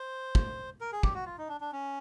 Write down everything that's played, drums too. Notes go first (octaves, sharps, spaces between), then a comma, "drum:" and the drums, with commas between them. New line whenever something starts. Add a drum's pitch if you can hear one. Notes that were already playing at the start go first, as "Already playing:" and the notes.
Already playing: C5
drum: kick
A#4
G#4
G4, drum: kick
F#4
F4
D#4
D4
D4
C#4